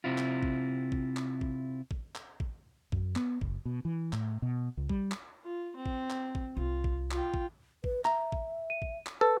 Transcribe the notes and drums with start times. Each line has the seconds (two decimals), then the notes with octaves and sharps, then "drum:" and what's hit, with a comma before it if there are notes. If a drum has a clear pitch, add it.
0.04 C3 C4 E4 F4
0.18 drum: clap
0.43 drum: kick A1
0.92 drum: kick A1
1.17 drum: clap
1.41 drum: kick A1
1.91 drum: kick A1
2.15 drum: clap
2.40 drum: kick A1
2.92 F#2, drum: kick A1
3.16 B3, drum: clap
3.41 F#1, drum: kick A1
3.65 B2
3.85 E3
4.13 A2, drum: clap
4.42 B2
4.77 C#2
4.89 G3, drum: kick A1
5.12 drum: clap
5.44 F4
5.76 C4
5.86 drum: kick A1
6.10 drum: clap
6.35 drum: kick A1
6.57 C2 F4
6.84 drum: kick A1
7.11 F4 G5, drum: clap
7.34 drum: kick A1
7.84 B4, drum: kick A1
8.05 E5 A#5, drum: clap
8.32 drum: kick A1
8.70 D#7
8.82 drum: kick A1
9.06 drum: clap
9.21 A4 B4 A5